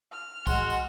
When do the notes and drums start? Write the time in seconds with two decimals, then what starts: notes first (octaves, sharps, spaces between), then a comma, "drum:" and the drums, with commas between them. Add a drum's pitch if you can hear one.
0.12 F6
0.47 G#3 F#4 F#5 C6, drum: kick, tambourine
0.70 drum: tambourine